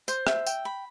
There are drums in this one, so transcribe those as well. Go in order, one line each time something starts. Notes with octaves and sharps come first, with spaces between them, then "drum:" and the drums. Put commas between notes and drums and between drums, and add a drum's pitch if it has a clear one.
C5, drum: tambourine
E5, drum: rim click
G5, drum: tambourine
B5